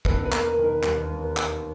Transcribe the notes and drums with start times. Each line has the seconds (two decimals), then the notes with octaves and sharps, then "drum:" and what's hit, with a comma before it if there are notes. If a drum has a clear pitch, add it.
0.05 E1 B4, drum: kick
0.25 B4
0.32 A#3, drum: clap
0.44 A#4
0.58 D#3
0.64 A#4
0.83 D#2 B4, drum: clap
1.10 E1
1.23 B4
1.37 A#3, drum: clap